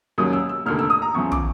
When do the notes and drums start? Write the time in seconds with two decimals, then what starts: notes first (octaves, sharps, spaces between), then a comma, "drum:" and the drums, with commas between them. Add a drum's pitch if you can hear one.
0.18 E1 D#2 C#3 F#3 D#6
0.33 E6
0.49 E6
0.66 F1 D#2 D3 F6
0.79 E6
0.90 D#6
1.02 A#5
1.14 E2 C#3 F3 C#6
1.32 D6, drum: tom